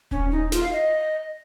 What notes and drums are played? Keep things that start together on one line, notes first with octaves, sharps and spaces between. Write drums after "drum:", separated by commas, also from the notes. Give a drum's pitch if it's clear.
C#4, drum: kick D#1
D#4
F4, drum: snare
F5
D#5